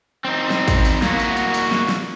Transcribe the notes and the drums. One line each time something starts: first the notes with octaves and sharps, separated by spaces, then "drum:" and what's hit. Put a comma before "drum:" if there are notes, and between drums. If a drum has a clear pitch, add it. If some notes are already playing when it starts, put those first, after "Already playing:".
C4 D#4
drum: snare
drum: kick A1, tambourine
drum: tambourine
A#3 F#4, drum: snare
drum: tambourine
drum: tambourine
drum: tambourine
drum: snare
drum: snare